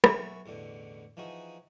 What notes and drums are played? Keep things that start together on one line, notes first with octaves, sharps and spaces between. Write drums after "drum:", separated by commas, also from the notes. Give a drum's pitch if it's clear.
B1 F#4 E5 G#5 C#6, drum: rim click
A1 E2 B2 D3
E3 F3 D#4 F#4 G#4